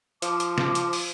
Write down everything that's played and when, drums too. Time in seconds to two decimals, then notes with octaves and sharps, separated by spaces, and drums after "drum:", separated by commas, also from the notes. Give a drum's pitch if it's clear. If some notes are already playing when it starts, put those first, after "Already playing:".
0.22 F3 A5 D6, drum: hi-hat
0.40 drum: hi-hat
0.58 drum: snare
0.75 drum: hi-hat
0.93 drum: open hi-hat